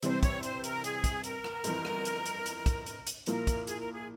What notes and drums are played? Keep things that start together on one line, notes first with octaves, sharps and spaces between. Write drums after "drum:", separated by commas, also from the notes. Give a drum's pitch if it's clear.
C3 E3 G3 C4 C5, drum: hi-hat
C#5, drum: kick, hi-hat
C5, drum: hi-hat
A#4, drum: hi-hat
G#4, drum: hi-hat
drum: kick, hi-hat
A#4, drum: hi-hat
drum: rim click
G1 F2 E3, drum: hi-hat
drum: rim click
drum: hi-hat
drum: hi-hat
drum: hi-hat
drum: kick, hi-hat
drum: hi-hat
drum: hi-hat
A#2 F3 A#3 E4 A#4, drum: hi-hat
drum: kick, hi-hat
G#4, drum: hi-hat
A#4
G#4